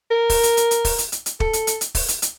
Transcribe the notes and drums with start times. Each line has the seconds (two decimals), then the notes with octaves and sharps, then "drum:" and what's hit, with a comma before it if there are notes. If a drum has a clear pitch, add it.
0.11 A#4
0.30 drum: kick, open hi-hat
0.43 drum: hi-hat
0.57 drum: hi-hat
0.71 drum: hi-hat
0.85 drum: kick, open hi-hat
0.98 drum: hi-hat
1.12 drum: hi-hat
1.26 drum: hi-hat
1.40 A4, drum: kick
1.53 drum: hi-hat
1.67 drum: hi-hat
1.81 drum: hi-hat
1.95 drum: kick, open hi-hat
2.08 drum: hi-hat
2.22 drum: hi-hat